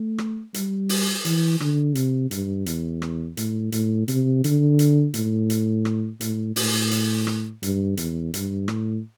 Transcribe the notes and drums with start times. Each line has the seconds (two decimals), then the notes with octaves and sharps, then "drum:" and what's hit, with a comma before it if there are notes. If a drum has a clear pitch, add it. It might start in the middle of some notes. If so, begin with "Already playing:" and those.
Already playing: A3
0.18 drum: rim click
0.54 G3, drum: hi-hat
0.89 drum: open hi-hat
1.25 E3, drum: hi-hat
1.60 D3, drum: rim click
1.95 C3, drum: hi-hat
2.31 G2, drum: hi-hat
2.66 E2, drum: hi-hat
3.02 drum: rim click
3.37 A2, drum: hi-hat
3.72 A2, drum: hi-hat
4.08 C3, drum: hi-hat
4.44 D3, drum: hi-hat
4.79 drum: hi-hat
5.14 A2, drum: hi-hat
5.50 drum: hi-hat
5.85 drum: rim click
6.21 A2, drum: hi-hat
6.56 A2, drum: open hi-hat
6.91 drum: hi-hat
7.27 drum: rim click
7.63 G2, drum: hi-hat
7.97 E2, drum: hi-hat
8.34 G2, drum: hi-hat
8.68 A2, drum: rim click